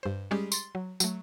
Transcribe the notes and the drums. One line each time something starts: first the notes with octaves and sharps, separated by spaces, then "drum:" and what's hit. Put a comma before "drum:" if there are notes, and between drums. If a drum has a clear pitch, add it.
G2 C5
G3 G#3 C#4 G4 G#4
C6 A6, drum: tambourine
F#3
F#3 A3, drum: tambourine